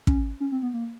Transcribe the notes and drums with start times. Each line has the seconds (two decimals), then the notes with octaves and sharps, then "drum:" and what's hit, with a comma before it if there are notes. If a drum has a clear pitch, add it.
0.07 C#4, drum: kick
0.40 C#4
0.52 C4
0.62 B3
0.74 A#3